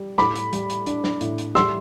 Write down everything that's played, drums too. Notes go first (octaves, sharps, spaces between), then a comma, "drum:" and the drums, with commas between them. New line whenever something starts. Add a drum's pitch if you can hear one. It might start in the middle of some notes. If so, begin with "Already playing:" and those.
Already playing: G3
A2 B5 D6, drum: snare
drum: hi-hat
G3, drum: hi-hat
drum: hi-hat
D4, drum: hi-hat
drum: snare
A2, drum: hi-hat
drum: hi-hat
G3 C6 E6, drum: snare